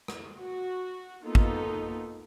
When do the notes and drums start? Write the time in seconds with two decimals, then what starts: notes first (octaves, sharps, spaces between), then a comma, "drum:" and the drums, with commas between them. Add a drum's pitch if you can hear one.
0.08 drum: rim click
0.37 F#4
1.25 A#3 B3 D#4 F4 A4
1.35 drum: kick G#1